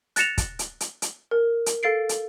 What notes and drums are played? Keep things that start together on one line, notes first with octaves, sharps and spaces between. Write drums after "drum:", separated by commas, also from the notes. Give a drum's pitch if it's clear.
F#6 A6 A#6 C#7 E7 F7, drum: hi-hat
drum: kick, hi-hat
drum: hi-hat
drum: hi-hat
drum: hi-hat
A#4
drum: hi-hat
A4 F5 A6 C7 D7
drum: hi-hat